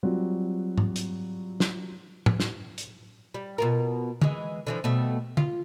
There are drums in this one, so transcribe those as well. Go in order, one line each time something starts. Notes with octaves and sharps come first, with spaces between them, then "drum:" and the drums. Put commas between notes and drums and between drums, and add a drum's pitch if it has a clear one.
F#3 G3 C4 F4 F#4
drum: tom G#2
drum: hi-hat
drum: snare
drum: tom A2
drum: snare
drum: hi-hat
G3
B2 F4 A#4
E3 G#3, drum: tom
D3 E3 F3
B2 G3 A3
F4, drum: tom